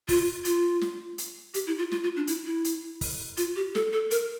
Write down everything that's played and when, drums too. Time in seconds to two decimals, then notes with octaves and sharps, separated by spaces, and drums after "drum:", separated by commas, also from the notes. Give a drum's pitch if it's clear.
0.09 F4, drum: kick, open hi-hat
0.45 F4, drum: hi-hat
0.81 drum: snare
1.18 drum: hi-hat
1.54 G4, drum: hi-hat
1.67 E4
1.78 F4
1.92 F4, drum: snare
2.03 F4
2.16 D4
2.27 E4, drum: hi-hat
2.46 E4
2.64 drum: hi-hat
3.01 drum: kick, open hi-hat
3.37 F4, drum: hi-hat
3.56 G4
3.75 A4, drum: snare
3.93 A4
4.11 A#4, drum: hi-hat